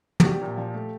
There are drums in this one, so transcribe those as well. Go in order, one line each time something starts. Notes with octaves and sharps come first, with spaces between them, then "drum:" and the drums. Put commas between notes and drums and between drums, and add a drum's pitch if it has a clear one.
F#4, drum: tom
A#1 G4
A#2
F3
A3